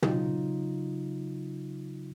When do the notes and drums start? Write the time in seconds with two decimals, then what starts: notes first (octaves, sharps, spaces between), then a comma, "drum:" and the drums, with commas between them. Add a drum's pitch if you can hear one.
0.02 C#3 F#3 D#4 F4, drum: tom